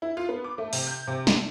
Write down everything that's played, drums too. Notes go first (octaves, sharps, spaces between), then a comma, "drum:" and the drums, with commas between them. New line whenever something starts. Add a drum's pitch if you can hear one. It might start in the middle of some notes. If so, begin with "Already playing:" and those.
E4
F4
B3
D6
A3
C3, drum: open hi-hat
G6
C3
D3, drum: snare